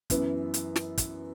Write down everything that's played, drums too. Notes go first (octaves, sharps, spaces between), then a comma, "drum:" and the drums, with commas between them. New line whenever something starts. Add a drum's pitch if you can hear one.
F#2 E3 B3, drum: kick, hi-hat
drum: hi-hat
drum: snare
drum: kick, hi-hat